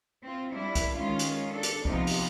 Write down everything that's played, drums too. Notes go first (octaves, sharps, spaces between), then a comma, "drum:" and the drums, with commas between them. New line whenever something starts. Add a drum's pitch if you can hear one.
C4 F4
G3 D4 E4
drum: kick B1, hi-hat
D#3 G#3 C#4 F4
drum: hi-hat
D4 A4
drum: hi-hat
C3 F3 B3 D#4 F4, drum: kick B1
drum: open hi-hat